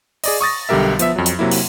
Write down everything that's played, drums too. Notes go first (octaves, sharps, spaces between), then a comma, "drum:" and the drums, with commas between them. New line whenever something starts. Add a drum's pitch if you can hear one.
G#4 D5 D#5, drum: open hi-hat
C#6 D#6 A6 A#6
B1 D3 G3 G4 A#4 E5
F3 B3 E5, drum: hi-hat
F2 F#3
drum: hi-hat
C3 F#3 A#3 E4
drum: open hi-hat